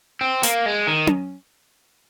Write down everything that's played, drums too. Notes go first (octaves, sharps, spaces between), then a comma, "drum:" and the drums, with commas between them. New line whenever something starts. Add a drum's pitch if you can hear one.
C4
A#3, drum: hi-hat
G#3
D#3
drum: tom C#4